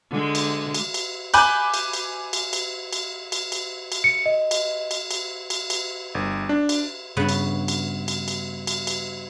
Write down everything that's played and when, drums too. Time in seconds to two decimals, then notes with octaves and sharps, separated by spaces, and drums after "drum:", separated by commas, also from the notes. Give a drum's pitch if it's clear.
0.10 D3 G#3
0.35 drum: cymbal
0.74 drum: cymbal
0.94 drum: cymbal
1.34 G#5 B5 D6 F#6 G6, drum: cymbal
1.74 drum: cymbal
1.93 drum: cymbal
2.33 drum: cymbal
2.53 drum: cymbal
2.93 drum: cymbal
3.32 drum: cymbal
3.52 drum: cymbal
3.92 drum: cymbal
4.04 C#7
4.26 D#5
4.51 drum: cymbal
4.91 drum: cymbal
5.11 drum: cymbal
5.50 drum: cymbal
5.70 drum: cymbal
6.15 G1
6.49 D4
6.69 drum: cymbal
7.17 G2 C#3 B3 B4
7.29 drum: cymbal
7.68 drum: cymbal
8.08 drum: cymbal
8.28 drum: cymbal
8.67 drum: cymbal
8.87 drum: cymbal